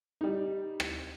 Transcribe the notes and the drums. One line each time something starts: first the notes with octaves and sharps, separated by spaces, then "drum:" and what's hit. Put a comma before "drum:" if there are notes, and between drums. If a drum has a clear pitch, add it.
G3 D#4
drum: rim click